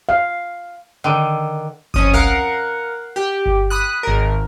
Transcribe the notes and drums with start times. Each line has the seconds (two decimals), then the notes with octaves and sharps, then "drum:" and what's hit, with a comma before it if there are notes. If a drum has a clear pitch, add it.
0.09 F5
1.04 D3 D#3
1.94 F2 C#4 D#6, drum: kick G1
2.13 A#4 F5 F#5, drum: tom C2
3.16 G4
3.46 drum: kick G1
3.70 B5 D#6 F#6
4.03 G#1 A#4